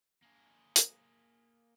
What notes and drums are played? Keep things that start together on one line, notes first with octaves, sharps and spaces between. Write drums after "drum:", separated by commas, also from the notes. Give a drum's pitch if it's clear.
A#3 G#4
drum: hi-hat